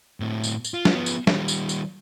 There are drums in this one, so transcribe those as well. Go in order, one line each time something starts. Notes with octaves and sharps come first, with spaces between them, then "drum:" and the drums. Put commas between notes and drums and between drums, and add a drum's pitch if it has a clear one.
A2 C4
drum: tambourine
drum: tambourine
F4
drum: snare
F3 B3
drum: tambourine
D#3 G3, drum: snare
drum: tambourine
drum: tambourine